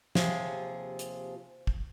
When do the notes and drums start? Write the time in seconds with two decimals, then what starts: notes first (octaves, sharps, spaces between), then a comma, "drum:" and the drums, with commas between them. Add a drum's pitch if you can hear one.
0.15 D#2 C3 F3 G#4, drum: snare
0.99 drum: hi-hat
1.67 drum: kick